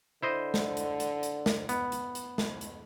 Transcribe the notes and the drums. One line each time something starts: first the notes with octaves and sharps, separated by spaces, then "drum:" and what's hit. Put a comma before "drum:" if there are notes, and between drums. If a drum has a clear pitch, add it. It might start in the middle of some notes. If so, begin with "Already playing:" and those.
D3 E4 C5 D#5
drum: snare
drum: hi-hat
drum: hi-hat
drum: hi-hat
drum: snare
B3, drum: hi-hat
drum: hi-hat
drum: hi-hat
drum: snare
drum: hi-hat